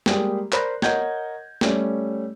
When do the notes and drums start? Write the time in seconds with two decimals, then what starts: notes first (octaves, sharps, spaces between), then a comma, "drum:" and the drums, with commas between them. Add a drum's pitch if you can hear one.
0.06 G3 G#3 A#3 G4 G#4, drum: snare
0.53 A#4 C5 D5 B5 F#6 A#6, drum: clap
0.82 A#4 C#5 D#5 F#5 G6 G#6, drum: snare
1.61 G3 A3 C#4, drum: snare